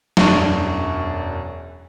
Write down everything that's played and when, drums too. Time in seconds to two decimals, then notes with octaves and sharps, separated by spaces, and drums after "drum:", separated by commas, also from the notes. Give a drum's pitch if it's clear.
0.17 E1 F#2 E3 D4 C#6, drum: snare